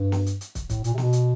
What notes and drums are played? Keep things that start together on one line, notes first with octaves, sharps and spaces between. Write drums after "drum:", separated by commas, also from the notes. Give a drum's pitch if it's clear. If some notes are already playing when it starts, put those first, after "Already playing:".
Already playing: G2
drum: snare
drum: hi-hat
drum: hi-hat
drum: kick, hi-hat
A2, drum: kick, hi-hat
A#2, drum: hi-hat
C3
B2, drum: snare
drum: hi-hat